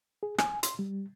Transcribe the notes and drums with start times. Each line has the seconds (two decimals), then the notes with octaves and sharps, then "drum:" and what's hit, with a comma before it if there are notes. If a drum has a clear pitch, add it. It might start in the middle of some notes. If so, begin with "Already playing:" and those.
0.23 G#4
0.38 G#5, drum: rim click
0.63 C6, drum: hi-hat
0.79 G3